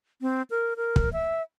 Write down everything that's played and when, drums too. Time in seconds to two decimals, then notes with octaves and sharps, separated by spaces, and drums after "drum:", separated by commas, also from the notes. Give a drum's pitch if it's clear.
0.21 C4
0.50 A#4
0.77 A#4
0.96 drum: kick
1.13 E5